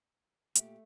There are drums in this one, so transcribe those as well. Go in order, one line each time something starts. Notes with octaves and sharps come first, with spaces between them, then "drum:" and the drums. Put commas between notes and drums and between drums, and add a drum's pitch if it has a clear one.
A#2 A3 G4, drum: hi-hat